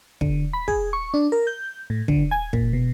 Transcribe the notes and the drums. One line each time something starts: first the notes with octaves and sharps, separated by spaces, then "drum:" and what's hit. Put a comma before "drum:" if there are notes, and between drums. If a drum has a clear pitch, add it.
D3, drum: kick
B5
G#4, drum: kick
C#6
D4
A#4
G6
A2
D3, drum: kick
G#5
A#2, drum: kick
B2